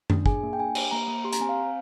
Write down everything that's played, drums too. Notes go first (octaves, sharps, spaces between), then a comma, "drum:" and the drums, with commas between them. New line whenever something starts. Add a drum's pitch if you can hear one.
D4, drum: tom F#2
G#4 G#5, drum: kick
A#3
G5
D4 G#5
G4, drum: cymbal
A#3 A#5
A#3
G4 C6
A#5, drum: hi-hat
C4 G#5
F5
C4